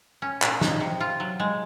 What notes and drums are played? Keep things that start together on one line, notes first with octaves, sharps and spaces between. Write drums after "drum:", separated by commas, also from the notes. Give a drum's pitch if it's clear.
C#4
A#2, drum: clap
D#4, drum: snare
C3
F4
F#3
G#3